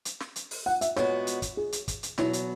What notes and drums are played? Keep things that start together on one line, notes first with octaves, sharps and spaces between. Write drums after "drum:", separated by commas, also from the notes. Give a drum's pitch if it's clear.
drum: hi-hat
drum: snare
drum: hi-hat
drum: open hi-hat
F#5
E5, drum: hi-hat
A#2 G#3 B3 F#4 C#5, drum: snare
drum: hi-hat
drum: kick, hi-hat
G#4
drum: hi-hat
drum: kick, hi-hat
drum: hi-hat
E2 B2 F#3 B3 E4, drum: snare
drum: hi-hat